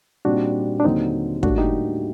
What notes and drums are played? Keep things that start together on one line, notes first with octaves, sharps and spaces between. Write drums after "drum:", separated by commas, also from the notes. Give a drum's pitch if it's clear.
A#2 G3 C4 D4 D#4 F#4
D4
D#2 D3 F#3 C4 D#4
A2 G3 A#3 D4 F#4, drum: kick
D#4 G4